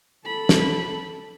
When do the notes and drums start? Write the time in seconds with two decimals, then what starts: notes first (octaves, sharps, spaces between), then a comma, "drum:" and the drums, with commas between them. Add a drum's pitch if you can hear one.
0.25 A4 B5
0.49 drum: snare